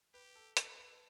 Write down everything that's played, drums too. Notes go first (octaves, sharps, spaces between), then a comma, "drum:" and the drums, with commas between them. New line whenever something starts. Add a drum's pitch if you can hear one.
G4 B4
A4
A4, drum: hi-hat
B4